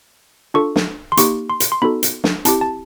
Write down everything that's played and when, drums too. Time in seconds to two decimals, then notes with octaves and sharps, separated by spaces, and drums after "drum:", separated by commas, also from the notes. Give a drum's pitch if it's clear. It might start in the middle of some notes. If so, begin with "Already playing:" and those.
0.54 D4 F4 A4 C#6
0.76 drum: snare
1.12 C6
1.17 A#3 D#4 G4 C#6, drum: hi-hat
1.50 C6
1.60 drum: hi-hat
1.72 C6
1.82 B3 D#4 F#4 A4 B5
2.03 drum: hi-hat
2.24 drum: snare
2.45 C4 E4 G4 A5, drum: hi-hat
2.61 A5